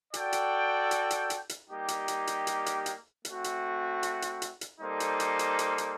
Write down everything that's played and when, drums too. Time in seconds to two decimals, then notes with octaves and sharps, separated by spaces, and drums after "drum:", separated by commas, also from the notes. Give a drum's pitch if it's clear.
0.14 F#4 A4 D5 G5, drum: hi-hat
0.33 drum: hi-hat
0.91 drum: hi-hat
1.10 drum: hi-hat
1.30 drum: hi-hat
1.49 drum: hi-hat
1.69 G3 A#3 D#4 G4
1.88 drum: hi-hat
2.08 drum: hi-hat
2.27 drum: hi-hat
2.47 drum: hi-hat
2.66 drum: hi-hat
2.86 drum: hi-hat
3.25 A3 C4 F#4, drum: hi-hat
3.44 drum: hi-hat
4.03 drum: hi-hat
4.22 drum: hi-hat
4.42 drum: hi-hat
4.61 drum: hi-hat
4.81 G3 A#3 D#4 A4 C5
5.00 drum: hi-hat
5.20 drum: hi-hat
5.39 drum: hi-hat
5.59 drum: hi-hat
5.78 drum: hi-hat